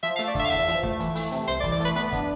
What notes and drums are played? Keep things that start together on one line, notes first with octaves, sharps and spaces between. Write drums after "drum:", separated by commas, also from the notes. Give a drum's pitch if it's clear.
F3 E5, drum: hi-hat
F5
A3, drum: hi-hat
D5
D3 E5, drum: kick, hi-hat
F5
E2 E5, drum: hi-hat
F3, drum: hi-hat
A3, drum: kick
E3, drum: hi-hat
A3, drum: open hi-hat
C3, drum: hi-hat
C2 C5, drum: hi-hat
D5
E3, drum: kick, hi-hat
D5
A3 B4, drum: hi-hat
B3 B4, drum: hi-hat
D4, drum: kick, hi-hat